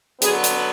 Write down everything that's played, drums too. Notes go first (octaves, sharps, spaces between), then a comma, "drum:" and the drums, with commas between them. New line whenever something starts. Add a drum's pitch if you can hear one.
D3 F#3 B3 G#4, drum: hi-hat
drum: hi-hat